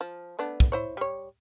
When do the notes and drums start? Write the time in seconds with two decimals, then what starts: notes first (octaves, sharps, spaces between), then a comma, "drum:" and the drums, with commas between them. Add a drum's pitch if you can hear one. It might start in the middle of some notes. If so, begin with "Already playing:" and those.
0.01 F3
0.39 A3 B3 D4
0.60 drum: kick
0.72 E4 C5 C#5
0.97 G3 C#5